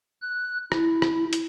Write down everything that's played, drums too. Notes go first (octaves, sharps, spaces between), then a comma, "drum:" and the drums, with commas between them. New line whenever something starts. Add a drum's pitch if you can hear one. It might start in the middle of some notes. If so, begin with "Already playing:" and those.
F#6
E4, drum: rim click
drum: rim click
drum: hi-hat